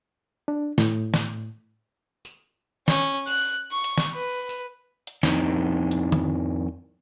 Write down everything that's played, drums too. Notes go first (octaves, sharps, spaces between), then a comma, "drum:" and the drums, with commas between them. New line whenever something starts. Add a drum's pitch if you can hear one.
D4
A2, drum: snare
drum: snare
drum: tambourine
C#4, drum: snare
F#6, drum: tambourine
C#6
drum: hi-hat
drum: snare
B4
drum: tambourine
drum: hi-hat
F2 D#3, drum: snare
drum: hi-hat
drum: tom D#3